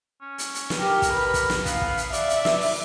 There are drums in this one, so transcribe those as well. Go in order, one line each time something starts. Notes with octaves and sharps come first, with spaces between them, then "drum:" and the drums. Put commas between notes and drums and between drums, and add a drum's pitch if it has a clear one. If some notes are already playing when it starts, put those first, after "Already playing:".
C#4
drum: hi-hat
drum: hi-hat
drum: snare
G4 A#4
drum: kick, hi-hat
B4
drum: kick, hi-hat
drum: snare
B3 F5, drum: kick, hi-hat
drum: kick
drum: hi-hat
D5 E5, drum: hi-hat
drum: hi-hat
drum: snare
drum: open hi-hat